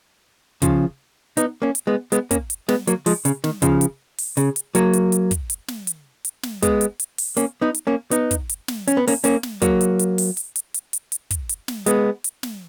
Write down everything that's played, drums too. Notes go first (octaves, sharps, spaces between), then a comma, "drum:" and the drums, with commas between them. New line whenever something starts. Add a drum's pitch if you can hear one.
C#3 F3, drum: kick, hi-hat
B3 D#4, drum: hi-hat
A#3 C#4
drum: hi-hat
G#3 B3
G#3 B3, drum: hi-hat
A#3 C#4, drum: kick, hi-hat
drum: hi-hat
G#3 B3, drum: snare
F#3 A#3, drum: hi-hat
F3 G#3, drum: open hi-hat
C#3, drum: hi-hat
D#3, drum: snare
C#3 F3, drum: kick, hi-hat
drum: hi-hat
drum: open hi-hat
C#3, drum: hi-hat
drum: hi-hat
F#3 A#3, drum: hi-hat
drum: hi-hat
drum: hi-hat
drum: kick, hi-hat
drum: hi-hat
drum: snare
drum: hi-hat
drum: hi-hat
drum: snare
G#3 B3, drum: kick, hi-hat
drum: hi-hat
drum: hi-hat
drum: open hi-hat
A#3 C#4, drum: hi-hat
B3 D#4
drum: hi-hat
A#3 C#4
B3 D#4, drum: hi-hat
drum: kick, hi-hat
drum: hi-hat
drum: snare
C#4, drum: hi-hat
B3
A#3 C#4, drum: open hi-hat
A#3 C#4, drum: hi-hat
drum: snare
F#3 A#3, drum: kick, hi-hat
drum: hi-hat
drum: hi-hat
drum: open hi-hat
drum: hi-hat
drum: hi-hat
drum: hi-hat
drum: hi-hat
drum: hi-hat
drum: kick, hi-hat
drum: hi-hat
drum: snare
G#3 B3, drum: hi-hat
drum: hi-hat
drum: snare